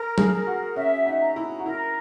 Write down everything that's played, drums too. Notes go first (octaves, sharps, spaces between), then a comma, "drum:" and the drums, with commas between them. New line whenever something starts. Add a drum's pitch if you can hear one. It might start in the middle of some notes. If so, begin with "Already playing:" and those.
Already playing: A#4
G#4, drum: tom F#3
A#4
F#4
C#4 E5
D#4
A#5
E4
F#4
E4 A#4